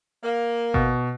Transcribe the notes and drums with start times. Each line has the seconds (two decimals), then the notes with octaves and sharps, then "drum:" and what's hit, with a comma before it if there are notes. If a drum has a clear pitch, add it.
0.23 A#3
0.74 B2, drum: kick G#1